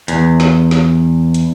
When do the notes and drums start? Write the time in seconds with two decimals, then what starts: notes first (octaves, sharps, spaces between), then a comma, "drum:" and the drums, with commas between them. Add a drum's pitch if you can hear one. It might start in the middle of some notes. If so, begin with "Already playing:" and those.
0.08 E2, drum: hi-hat
0.40 drum: snare
0.71 drum: snare
1.34 drum: hi-hat